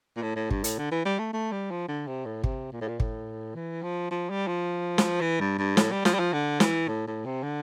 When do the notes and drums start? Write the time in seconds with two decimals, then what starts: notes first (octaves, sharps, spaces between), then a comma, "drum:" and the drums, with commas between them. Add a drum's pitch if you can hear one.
0.16 A#2
0.22 A2
0.36 A2
0.51 G2, drum: kick
0.64 A2, drum: hi-hat
0.78 D3
0.92 E3
1.05 G3
1.19 A3
1.33 A3
1.52 G3
1.71 F3
1.88 D3
2.07 C3
2.26 A2
2.44 C3, drum: kick
2.73 A#2
2.81 A2
2.88 A#2
3.00 A2, drum: kick
3.55 E3
3.83 F3
4.11 F3
4.30 G3
4.48 F3
4.98 drum: snare
5.21 E3
5.40 G2
5.59 G2
5.77 A2, drum: snare
5.91 G3
6.05 F3, drum: snare
6.14 G3
6.19 F3
6.33 D3
6.60 E3, drum: snare
6.88 A2
7.07 A2
7.25 C3
7.43 D3